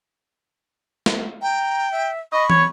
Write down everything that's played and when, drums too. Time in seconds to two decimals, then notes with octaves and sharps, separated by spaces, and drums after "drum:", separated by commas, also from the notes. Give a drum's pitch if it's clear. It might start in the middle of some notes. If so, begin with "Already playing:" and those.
1.06 drum: snare
1.42 G5 A#5
1.91 E5
2.33 D#5 B5 C#6
2.50 C#5, drum: tom